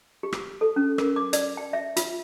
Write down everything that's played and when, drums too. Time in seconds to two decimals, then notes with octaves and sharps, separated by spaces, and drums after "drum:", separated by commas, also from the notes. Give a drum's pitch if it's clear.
0.23 G4
0.32 drum: rim click
0.61 A4
0.76 C#4
0.98 A#4, drum: rim click
1.16 D6
1.33 D5, drum: hi-hat
1.57 G5
1.73 E5
1.97 F4, drum: hi-hat